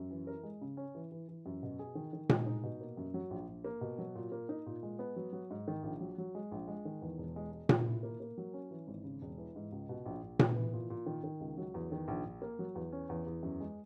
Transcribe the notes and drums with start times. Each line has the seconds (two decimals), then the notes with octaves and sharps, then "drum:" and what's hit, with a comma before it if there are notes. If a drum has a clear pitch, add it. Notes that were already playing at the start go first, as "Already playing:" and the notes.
Already playing: F#2
0.10 E3
0.27 A#4
0.43 G#3
0.61 C#3
0.77 C#4
0.95 E3
1.12 E3
1.29 E3
1.46 F#2
1.63 B2
1.79 G#4
1.95 D#3
2.13 D#3
2.29 G#3, drum: tom A#2
2.46 D#4
2.63 B2
2.81 A#3
2.97 F#2
3.14 F#3
3.31 A#1
3.48 A#1
3.64 A#3
3.81 B2
3.98 F#3
4.15 A#2
4.32 A#3
4.49 D#4
4.66 A#2
4.83 G#3
4.99 B3
5.16 F#3
5.33 F#3
5.51 G#2
5.68 D#3
5.83 A#1
6.01 F#3
6.18 F#3
6.35 G#3
6.51 A#1
6.68 G#3
6.85 D#3
7.02 E2
7.18 E1
7.36 G#3
7.52 G#3
7.69 A#2, drum: tom A#2
7.86 E4
8.03 A#3
8.20 A#3
8.38 F#3
8.53 C#4
8.71 E3
8.88 G#1
9.04 C#3
9.22 E1
9.38 E3
9.56 G#2
9.72 C#2
9.89 B2
10.06 A#1
10.23 A#1
10.39 B3, drum: tom A#2
10.56 E3
10.73 A#2
10.90 A#2
11.06 D#3
11.24 D#3
11.41 C#2
11.58 F#3
11.74 E2
11.92 D#3
12.08 A#1
12.25 A#1
12.42 A#3
12.59 F#3
12.75 E2
12.92 C#4
13.09 E2
13.26 E2
13.43 F#2
13.60 G#3